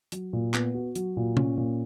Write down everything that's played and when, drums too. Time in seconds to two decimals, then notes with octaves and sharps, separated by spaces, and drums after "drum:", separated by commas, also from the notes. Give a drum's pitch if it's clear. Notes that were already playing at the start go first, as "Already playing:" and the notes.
0.12 F#3, drum: hi-hat
0.33 A#2
0.54 B3, drum: clap
0.75 F#4
0.95 F#3, drum: hi-hat
1.17 A#2
1.37 C#4, drum: tom C3
1.58 A#2